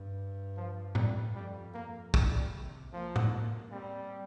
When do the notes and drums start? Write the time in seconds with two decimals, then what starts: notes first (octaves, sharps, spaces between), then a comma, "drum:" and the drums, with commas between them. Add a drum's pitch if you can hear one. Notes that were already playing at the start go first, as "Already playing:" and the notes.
Already playing: G2
0.57 F3
0.95 G3, drum: tom A2
1.35 F2 G3
1.74 A#3
2.14 A#2 G3, drum: kick
2.53 C3
2.93 F3 A#3
3.16 drum: tom A2
3.72 G3 C4